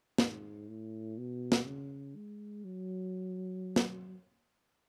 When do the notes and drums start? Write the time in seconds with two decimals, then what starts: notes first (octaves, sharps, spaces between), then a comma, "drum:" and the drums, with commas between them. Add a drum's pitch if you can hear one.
0.18 G#2, drum: snare
0.68 A2
1.18 B2
1.52 drum: snare
1.66 C#3
2.16 G#3
2.64 F#3
3.76 drum: snare